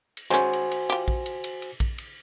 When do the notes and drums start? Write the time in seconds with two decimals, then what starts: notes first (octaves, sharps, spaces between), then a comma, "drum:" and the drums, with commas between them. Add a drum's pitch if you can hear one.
0.17 drum: cymbal
0.30 G#3 C#4 F#4 C5 G#5
0.53 drum: cymbal
0.71 drum: cymbal
0.90 F4 G4
1.08 drum: kick A#1
1.26 drum: cymbal
1.44 drum: cymbal
1.62 drum: cymbal
1.80 drum: kick A#1, cymbal
1.98 drum: cymbal